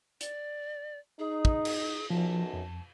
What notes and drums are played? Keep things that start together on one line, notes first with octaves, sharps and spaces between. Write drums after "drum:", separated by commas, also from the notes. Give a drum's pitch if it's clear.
D5, drum: hi-hat
D#4 G#4
drum: kick
drum: cymbal
B1 F#2 F3 A5
F2